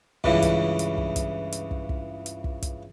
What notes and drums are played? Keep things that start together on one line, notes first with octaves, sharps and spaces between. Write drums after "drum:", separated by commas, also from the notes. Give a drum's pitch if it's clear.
C#2 G2 C#3 E3, drum: kick
drum: kick, hi-hat
drum: hi-hat
drum: kick
drum: kick, hi-hat
drum: hi-hat
drum: kick
drum: kick
drum: hi-hat
drum: kick
drum: kick, hi-hat